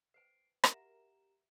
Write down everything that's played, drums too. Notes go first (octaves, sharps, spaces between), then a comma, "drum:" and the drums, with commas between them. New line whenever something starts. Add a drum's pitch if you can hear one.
B4 C5 G5 C7 D7
F#4 G4 A#4 E5 F#5 A#5 E7, drum: rim click